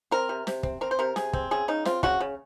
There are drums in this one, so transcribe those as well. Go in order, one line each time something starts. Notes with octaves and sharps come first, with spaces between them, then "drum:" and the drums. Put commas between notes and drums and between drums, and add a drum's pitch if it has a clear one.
C4 A#4
C3
C3, drum: snare
C4, drum: kick
C4 A#4
C5
C3 A#4
C3 G#4, drum: snare
C4, drum: kick
C#3 G#4
C#3 D#4
C4 F4, drum: snare
C#3 F#4, drum: kick
C#3